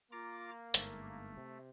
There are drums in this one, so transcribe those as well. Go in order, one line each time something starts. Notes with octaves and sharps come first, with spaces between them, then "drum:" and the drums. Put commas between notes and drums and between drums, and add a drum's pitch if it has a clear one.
A#3 F4 A#5 D6
G1 G#2 A3, drum: hi-hat
C3